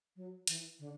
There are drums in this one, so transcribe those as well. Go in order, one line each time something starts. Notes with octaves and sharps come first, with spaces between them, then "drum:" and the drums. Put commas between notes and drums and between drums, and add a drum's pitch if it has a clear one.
F#3
E3, drum: hi-hat
D3